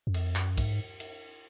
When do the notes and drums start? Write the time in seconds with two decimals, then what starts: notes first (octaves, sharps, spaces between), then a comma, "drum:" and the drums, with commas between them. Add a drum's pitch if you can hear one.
0.07 F#2
0.14 F2, drum: cymbal
0.35 F#2, drum: clap
0.58 G#2, drum: kick, cymbal
1.00 drum: cymbal